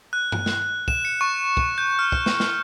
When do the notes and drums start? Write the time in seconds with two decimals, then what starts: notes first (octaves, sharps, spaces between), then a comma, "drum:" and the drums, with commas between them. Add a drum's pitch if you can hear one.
0.13 F#6
0.32 drum: tom G2
0.46 drum: snare
0.88 E7, drum: kick
1.05 C#7
1.21 C#6
1.57 drum: kick
1.78 G6
1.99 F6
2.12 drum: kick
2.26 drum: snare
2.40 drum: snare